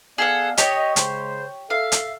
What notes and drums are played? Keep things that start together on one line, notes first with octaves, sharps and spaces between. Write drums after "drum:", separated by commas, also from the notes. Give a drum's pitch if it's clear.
B3 G#4 A4 D5 F5 F#5
G4 C#5 D#5, drum: hi-hat
C#3 G#3 C5, drum: hi-hat
A4 E5 F5
drum: hi-hat